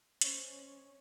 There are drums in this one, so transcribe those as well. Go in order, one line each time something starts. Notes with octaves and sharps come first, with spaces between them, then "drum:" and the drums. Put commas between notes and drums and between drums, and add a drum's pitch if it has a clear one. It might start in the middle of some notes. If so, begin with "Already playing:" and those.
C#4 C5 C#5 D#5, drum: hi-hat